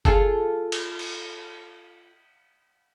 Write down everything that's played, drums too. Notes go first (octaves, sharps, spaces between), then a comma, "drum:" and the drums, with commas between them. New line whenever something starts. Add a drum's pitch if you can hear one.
F4 G#4 A4, drum: kick F#1
drum: cymbal
drum: cymbal